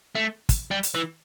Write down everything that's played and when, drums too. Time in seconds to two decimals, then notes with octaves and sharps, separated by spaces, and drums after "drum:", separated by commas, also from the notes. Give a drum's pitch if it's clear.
0.15 A3
0.49 drum: kick, hi-hat
0.71 G3
0.83 drum: hi-hat
0.95 E3